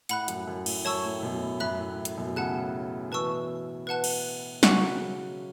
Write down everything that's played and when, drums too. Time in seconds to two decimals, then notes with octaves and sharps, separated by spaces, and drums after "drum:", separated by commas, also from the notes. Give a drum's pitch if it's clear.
0.09 A2 F#5 B5 F#6, drum: hi-hat
0.28 F#2, drum: hi-hat
0.47 F#2
0.66 A2, drum: cymbal
0.85 F#2 C#5 A5 C#6 E6
1.04 A2
1.22 F#2 B2
1.42 A2
1.60 F#2 E5 B5 F#6
1.79 A2
2.05 drum: hi-hat
2.17 F#2 B2
2.36 A2 C#3 F#5 A5 F#6
3.12 B2 E3 B4 A5 C#6 E6
3.87 B4 F#5 A5 F#6
4.04 drum: cymbal
4.63 C#3 F#3 F#5 C#6 F#6, drum: snare
5.00 C#3 F#3